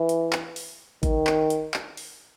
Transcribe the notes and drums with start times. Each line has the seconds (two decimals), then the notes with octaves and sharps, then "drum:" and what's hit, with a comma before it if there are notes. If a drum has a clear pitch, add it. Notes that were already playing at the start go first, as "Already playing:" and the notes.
Already playing: E3
0.09 drum: hi-hat
0.33 drum: clap
0.56 drum: open hi-hat
1.03 D#3, drum: kick, hi-hat
1.27 drum: clap
1.50 drum: hi-hat
1.74 drum: clap
1.97 drum: open hi-hat